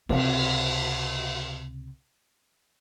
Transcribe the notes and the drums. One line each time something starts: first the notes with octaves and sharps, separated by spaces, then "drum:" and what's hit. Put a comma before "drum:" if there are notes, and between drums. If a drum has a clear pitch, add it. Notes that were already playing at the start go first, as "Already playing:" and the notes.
C#2 C3, drum: cymbal